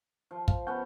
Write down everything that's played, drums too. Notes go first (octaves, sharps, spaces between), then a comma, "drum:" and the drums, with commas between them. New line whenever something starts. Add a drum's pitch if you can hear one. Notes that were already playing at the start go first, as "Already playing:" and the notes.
F3
F5, drum: kick
B3 C#4 F#5 A5 G6